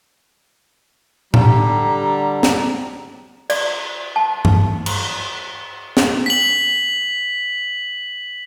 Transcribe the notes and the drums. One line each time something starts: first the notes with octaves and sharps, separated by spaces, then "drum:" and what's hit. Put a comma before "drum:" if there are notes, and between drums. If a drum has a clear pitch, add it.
D3 G3 A#5, drum: tom A2
drum: snare
D5, drum: cymbal
A5
drum: tom G2
drum: cymbal
drum: snare
B6 F#7